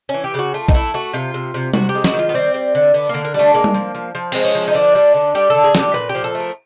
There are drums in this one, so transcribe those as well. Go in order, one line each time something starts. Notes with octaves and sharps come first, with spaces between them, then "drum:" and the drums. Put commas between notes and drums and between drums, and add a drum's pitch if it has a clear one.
C#4
E3
G4
C#3 F#4
A3 F4
D#4, drum: kick
A3 E4
A3 F#4
C3 F4
C3
C3
C3 F#4, drum: tom G3
G4
G#3
F#4, drum: snare
D#3
F4
B3
G3 C4
G3
D3
D3 B3
D3 A#3
A#3
G3 A3
G#3 A#3
drum: tom G3
F3
F3
F3
G#3 C4, drum: cymbal
C#4
F3
D#4
D3 D4
G3
D3
G3 G4
D3 A4
G#4
D3 G4, drum: snare
A#2 B4
G4
F3
A4
A3
A#4